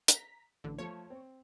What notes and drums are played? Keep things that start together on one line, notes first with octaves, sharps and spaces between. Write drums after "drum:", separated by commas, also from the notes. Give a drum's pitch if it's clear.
A#5 B6, drum: hi-hat
A1 D3
F3 A3 C#5
C4